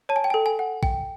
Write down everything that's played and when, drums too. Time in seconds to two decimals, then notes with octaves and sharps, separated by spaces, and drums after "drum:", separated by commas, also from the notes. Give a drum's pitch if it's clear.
0.09 C#5 A5
0.16 G#5
0.24 G5
0.30 A4 G#5
0.46 G#5
0.59 F#5
0.83 G5, drum: kick A#1